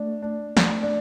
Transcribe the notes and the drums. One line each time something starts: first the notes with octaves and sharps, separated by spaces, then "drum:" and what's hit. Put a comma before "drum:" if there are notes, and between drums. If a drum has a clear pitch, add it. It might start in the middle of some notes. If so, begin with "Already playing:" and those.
Already playing: A3 D4
D4
A3 D4, drum: snare
D4